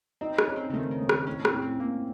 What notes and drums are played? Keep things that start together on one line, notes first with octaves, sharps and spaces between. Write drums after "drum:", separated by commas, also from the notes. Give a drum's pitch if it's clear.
C4 D#4
C#4, drum: rim click
D#4
C4
C#3
D#3 A3
D#3
A3
D#3, drum: rim click
A2 C#4
C4, drum: rim click
A2
C4
A2 A#3